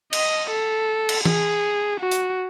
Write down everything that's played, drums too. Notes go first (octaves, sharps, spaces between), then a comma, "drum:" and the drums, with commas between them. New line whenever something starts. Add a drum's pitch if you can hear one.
D#5, drum: cymbal
A4
drum: cymbal
G#4, drum: tom E3
F#4
drum: hi-hat